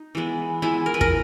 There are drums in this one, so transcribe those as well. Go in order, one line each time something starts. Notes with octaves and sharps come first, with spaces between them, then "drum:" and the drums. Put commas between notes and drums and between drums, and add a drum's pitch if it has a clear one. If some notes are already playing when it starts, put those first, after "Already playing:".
Already playing: D#4
E3 G#3 B3
E3 G#3 B3 E4
A#4
B4
A#4, drum: kick